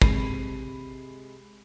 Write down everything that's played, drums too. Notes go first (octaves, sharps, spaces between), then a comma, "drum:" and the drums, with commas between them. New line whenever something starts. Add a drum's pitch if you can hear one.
C3 G#3 B5 C7 D#7, drum: kick